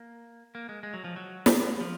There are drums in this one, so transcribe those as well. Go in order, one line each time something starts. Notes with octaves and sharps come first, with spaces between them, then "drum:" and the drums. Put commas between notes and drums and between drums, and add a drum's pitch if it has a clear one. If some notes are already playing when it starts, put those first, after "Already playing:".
Already playing: A#3
A#3
G#3
G#3
F#3
F3
F#3
drum: snare
F3